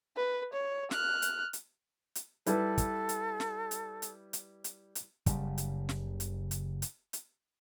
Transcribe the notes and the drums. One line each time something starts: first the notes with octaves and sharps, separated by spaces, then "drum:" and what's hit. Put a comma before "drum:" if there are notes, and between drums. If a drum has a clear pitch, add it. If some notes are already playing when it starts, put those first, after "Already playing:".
B4
C#5
F6 F#6, drum: snare
drum: hi-hat
drum: hi-hat
drum: hi-hat
G3 E4 A4 B4, drum: hi-hat
drum: kick, hi-hat
drum: hi-hat
drum: snare
drum: hi-hat
drum: hi-hat
drum: hi-hat
drum: hi-hat
drum: hi-hat
F#1 C#3 G3, drum: kick, hi-hat
drum: hi-hat
drum: snare
drum: hi-hat
drum: hi-hat
drum: hi-hat
drum: hi-hat